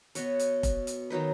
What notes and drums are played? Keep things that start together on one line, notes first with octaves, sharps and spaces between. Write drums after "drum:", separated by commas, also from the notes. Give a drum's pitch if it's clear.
B2 B3 F#4 C#5, drum: hi-hat
drum: hi-hat
drum: kick F1, hi-hat
drum: hi-hat
D#3 F#3 D#4 B4